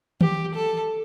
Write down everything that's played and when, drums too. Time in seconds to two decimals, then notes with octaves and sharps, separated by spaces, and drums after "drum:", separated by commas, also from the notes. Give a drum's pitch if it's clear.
0.21 G4, drum: tom D#3
0.55 A4